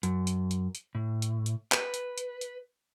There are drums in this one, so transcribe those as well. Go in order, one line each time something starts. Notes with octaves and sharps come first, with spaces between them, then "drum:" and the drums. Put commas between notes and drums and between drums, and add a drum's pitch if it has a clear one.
F#2, drum: hi-hat
drum: hi-hat
drum: hi-hat
drum: hi-hat
A2
drum: hi-hat
drum: hi-hat
B4, drum: clap
drum: hi-hat
drum: hi-hat
drum: hi-hat